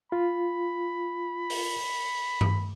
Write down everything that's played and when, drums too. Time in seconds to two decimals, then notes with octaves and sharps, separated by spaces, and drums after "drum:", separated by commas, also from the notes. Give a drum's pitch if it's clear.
0.12 F4 B5
1.50 drum: open hi-hat
2.41 drum: tom G2